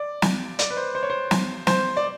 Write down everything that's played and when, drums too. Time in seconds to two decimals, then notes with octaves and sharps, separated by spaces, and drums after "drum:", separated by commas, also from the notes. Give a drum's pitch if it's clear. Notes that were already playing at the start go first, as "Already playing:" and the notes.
Already playing: D5
0.22 drum: snare
0.59 D5, drum: hi-hat
0.70 B4
0.77 C5
0.95 C5
1.03 C#5
1.10 C5
1.31 drum: snare
1.67 C5, drum: snare
1.97 D5